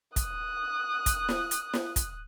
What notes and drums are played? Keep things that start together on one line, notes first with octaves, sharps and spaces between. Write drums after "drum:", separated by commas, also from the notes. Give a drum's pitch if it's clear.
D#6 F#6, drum: kick, hi-hat
drum: kick, hi-hat
drum: snare
drum: hi-hat
drum: snare
drum: kick, hi-hat